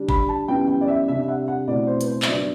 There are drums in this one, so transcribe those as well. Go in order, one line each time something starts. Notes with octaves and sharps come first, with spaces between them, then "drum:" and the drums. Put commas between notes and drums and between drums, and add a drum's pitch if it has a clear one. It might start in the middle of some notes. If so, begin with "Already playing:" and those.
Already playing: D3 G3 D4
B5, drum: kick G1
A5
F#2 E3 G3 B3 G5
G5
D5
E5
C3 G3 D4 E5
E5
F#5
F#5
B2 A3 C4 E4 D5
C5
B4, drum: hi-hat
C5
E5, drum: clap
G2 F#3 B3 D4 D5